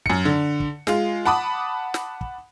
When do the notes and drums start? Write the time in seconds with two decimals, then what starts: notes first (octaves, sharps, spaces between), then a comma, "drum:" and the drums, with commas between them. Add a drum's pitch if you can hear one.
0.06 F#2 C#7, drum: kick
0.25 D3
0.60 drum: kick
0.87 G#3 F4, drum: snare
1.25 F#5 A5 B5 D6 D#6
1.94 drum: snare
2.21 drum: kick